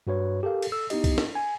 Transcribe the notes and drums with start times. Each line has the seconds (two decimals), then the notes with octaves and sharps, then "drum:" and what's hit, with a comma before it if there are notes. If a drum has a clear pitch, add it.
0.07 G2 F#4 B4 C#5
0.43 G4 A4 A#4 F5
0.62 drum: cymbal
0.72 A4 E6
0.90 B3 D#4 E4 G4 D#5, drum: cymbal
1.04 drum: kick B1, cymbal
1.18 drum: snare
1.35 G#5